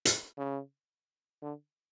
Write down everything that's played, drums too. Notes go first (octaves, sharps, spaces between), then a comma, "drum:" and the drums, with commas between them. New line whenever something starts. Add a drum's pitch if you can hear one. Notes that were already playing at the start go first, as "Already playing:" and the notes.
drum: hi-hat
C#3
D3